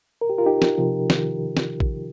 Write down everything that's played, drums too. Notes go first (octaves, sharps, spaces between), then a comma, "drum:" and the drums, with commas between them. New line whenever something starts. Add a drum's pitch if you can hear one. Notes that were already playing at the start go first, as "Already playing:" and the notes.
A#4
G4
F4 A#4
D#4 G4
drum: snare
C3 F3
D#3, drum: snare
drum: snare
drum: kick A1